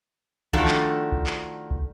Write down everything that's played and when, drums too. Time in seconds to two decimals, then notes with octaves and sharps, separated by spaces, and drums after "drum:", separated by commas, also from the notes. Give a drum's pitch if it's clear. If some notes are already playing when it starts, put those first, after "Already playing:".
0.53 D#3 F3 A3 D4 F#4 A4, drum: kick
0.68 drum: clap
1.12 drum: kick
1.27 drum: clap
1.71 drum: kick